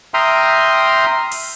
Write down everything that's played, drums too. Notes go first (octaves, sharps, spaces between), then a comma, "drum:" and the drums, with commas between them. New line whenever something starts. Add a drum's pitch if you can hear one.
E5 G5 A#5 C6 D#6 F6
drum: open hi-hat